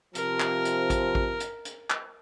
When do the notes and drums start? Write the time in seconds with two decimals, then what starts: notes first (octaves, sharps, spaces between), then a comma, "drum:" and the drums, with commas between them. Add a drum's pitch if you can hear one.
0.15 C3 F3 A#4, drum: hi-hat
0.40 drum: clap
0.65 drum: hi-hat
0.90 drum: kick A1, hi-hat
1.15 drum: kick A1
1.40 drum: hi-hat
1.65 drum: hi-hat
1.90 drum: clap